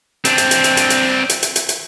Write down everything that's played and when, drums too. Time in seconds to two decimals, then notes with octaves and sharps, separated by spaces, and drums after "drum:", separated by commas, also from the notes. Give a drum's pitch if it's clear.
0.25 C4 D4, drum: hi-hat
0.38 drum: hi-hat
0.51 drum: hi-hat
0.64 drum: hi-hat
0.77 drum: hi-hat
0.90 drum: hi-hat
1.29 drum: hi-hat
1.43 drum: hi-hat
1.56 drum: hi-hat
1.69 drum: hi-hat